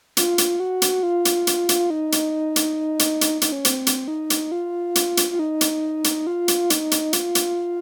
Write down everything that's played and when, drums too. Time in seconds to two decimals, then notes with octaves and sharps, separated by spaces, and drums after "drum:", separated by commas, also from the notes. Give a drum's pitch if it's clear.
0.17 F4, drum: hi-hat
0.38 drum: hi-hat
0.60 F#4
0.82 drum: hi-hat
1.03 F4
1.25 drum: hi-hat
1.47 drum: hi-hat
1.69 drum: hi-hat
1.90 D#4
2.12 drum: hi-hat
2.56 drum: hi-hat
2.99 drum: hi-hat
3.21 drum: hi-hat
3.42 D#4, drum: hi-hat
3.52 C#4
3.65 C4, drum: hi-hat
3.87 drum: hi-hat
4.08 D#4
4.30 drum: hi-hat
4.52 F4
4.95 drum: hi-hat
5.17 drum: hi-hat
5.31 F4
5.39 D#4
5.61 drum: hi-hat
6.04 drum: hi-hat
6.27 F4
6.48 drum: hi-hat
6.70 D#4, drum: hi-hat
6.91 drum: hi-hat
7.13 F4, drum: hi-hat
7.35 drum: hi-hat